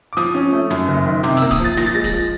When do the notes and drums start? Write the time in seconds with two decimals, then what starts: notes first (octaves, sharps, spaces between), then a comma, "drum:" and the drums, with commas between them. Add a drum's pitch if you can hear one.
0.13 D6
0.17 F3 D#6, drum: snare
0.34 C#4
0.52 A3
0.70 F#2, drum: snare
0.88 F#1
1.06 D#3
1.23 C3 D6, drum: snare
1.37 E6, drum: hi-hat
1.42 A#3
1.51 D#6, drum: kick, hi-hat
1.60 F3 A6
1.77 A#2 A#6, drum: snare
1.86 A6
1.94 G#3 A#6
2.04 drum: kick, hi-hat
2.13 F3